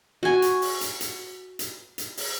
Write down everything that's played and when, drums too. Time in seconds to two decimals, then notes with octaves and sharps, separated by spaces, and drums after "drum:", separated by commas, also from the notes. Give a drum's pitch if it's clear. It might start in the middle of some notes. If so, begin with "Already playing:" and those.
0.23 F#4 G#5
0.42 drum: hi-hat
0.62 drum: open hi-hat
0.81 drum: hi-hat
1.01 drum: hi-hat
1.59 drum: hi-hat
1.98 drum: hi-hat
2.17 drum: open hi-hat